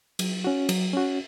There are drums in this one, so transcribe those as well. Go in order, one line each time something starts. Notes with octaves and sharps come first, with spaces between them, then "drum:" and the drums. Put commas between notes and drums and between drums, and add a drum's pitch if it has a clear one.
F#3, drum: cymbal
C#4 F#4
F#3, drum: cymbal
C#4 F#4